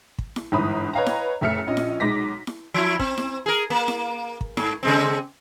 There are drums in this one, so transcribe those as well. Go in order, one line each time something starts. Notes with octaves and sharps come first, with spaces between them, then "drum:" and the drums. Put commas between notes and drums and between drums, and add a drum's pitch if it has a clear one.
drum: kick
drum: snare E4
G1 G#2 E3 B5 D#6
B4 C#5 D#5 F5 G5 A#5
drum: snare E4
F#1 A3 E5 F6 C#7
A#1 F3 C#4 D#5
drum: snare E4
B1 G#3 D#4 D6 A#6 B6
drum: snare E4
F3 E4
C4, drum: kick
drum: snare E4
G#4 A#4
A#3
drum: snare E4
drum: kick
G#2, drum: snare E4
C#3 G#3 C4